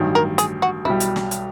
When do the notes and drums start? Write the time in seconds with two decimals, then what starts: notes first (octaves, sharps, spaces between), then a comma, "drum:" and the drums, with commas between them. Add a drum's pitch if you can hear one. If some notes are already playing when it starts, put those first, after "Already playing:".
Already playing: A1 G2 D#3 F#3
0.15 A#4
0.38 G#4, drum: hi-hat
0.62 F#4
0.85 B1 B2 G3 E4
1.00 drum: hi-hat
1.16 drum: snare
1.31 drum: hi-hat